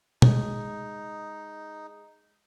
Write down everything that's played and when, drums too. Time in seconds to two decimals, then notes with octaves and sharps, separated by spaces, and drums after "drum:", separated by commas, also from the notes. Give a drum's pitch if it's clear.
0.22 G#3 D#4, drum: tom B2